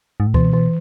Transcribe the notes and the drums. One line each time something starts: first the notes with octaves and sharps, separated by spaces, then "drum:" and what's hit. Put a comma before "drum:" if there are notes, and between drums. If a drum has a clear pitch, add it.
G#2
A2
B2 E3, drum: kick C#2
E3